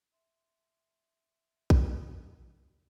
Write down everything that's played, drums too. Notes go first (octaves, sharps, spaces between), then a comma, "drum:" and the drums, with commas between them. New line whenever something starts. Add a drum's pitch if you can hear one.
E5 C6
drum: kick A#1